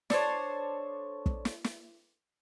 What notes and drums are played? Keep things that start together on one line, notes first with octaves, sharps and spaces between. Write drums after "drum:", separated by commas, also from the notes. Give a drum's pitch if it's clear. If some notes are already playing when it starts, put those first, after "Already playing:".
D4 A4 C5 C#5, drum: snare
drum: kick
drum: snare
drum: snare